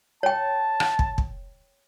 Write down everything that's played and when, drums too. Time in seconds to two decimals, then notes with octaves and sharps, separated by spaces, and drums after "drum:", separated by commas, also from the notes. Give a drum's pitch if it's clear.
0.23 C#5 G5 A5
0.80 drum: rim click
0.99 drum: kick
1.18 drum: kick